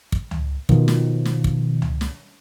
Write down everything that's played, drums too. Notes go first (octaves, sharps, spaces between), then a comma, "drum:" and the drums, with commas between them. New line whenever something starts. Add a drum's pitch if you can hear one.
drum: kick
drum: tom C#2
B2 D#3 F3, drum: kick
drum: snare
drum: snare
drum: kick
drum: tom C#2
drum: snare